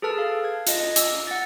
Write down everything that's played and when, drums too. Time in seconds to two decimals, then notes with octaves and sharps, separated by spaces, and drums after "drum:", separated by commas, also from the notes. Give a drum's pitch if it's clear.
0.02 G#4 A4 B4 A5 F6
0.18 F5
0.44 G#6
0.67 F4 D#5, drum: hi-hat
0.96 D6 E6, drum: hi-hat
1.27 F#5 A6